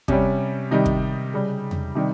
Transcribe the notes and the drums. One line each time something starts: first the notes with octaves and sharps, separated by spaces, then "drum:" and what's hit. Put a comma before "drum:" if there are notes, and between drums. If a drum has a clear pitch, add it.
C3 G3 C#4, drum: kick
C3 D#3 G3 D#4
drum: kick
C#3 G3
drum: tom E2
C3 D#3 G3